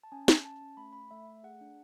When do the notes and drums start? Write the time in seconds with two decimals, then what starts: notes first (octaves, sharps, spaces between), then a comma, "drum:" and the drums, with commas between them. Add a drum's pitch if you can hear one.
0.03 A5
0.12 C#4 G#5
0.28 C#4, drum: snare
0.44 C#4 A5
0.62 C#4
0.77 A3 B5
0.93 A3 B5
1.11 A3 E5
1.27 A3
1.44 G#4 F#5
1.61 D4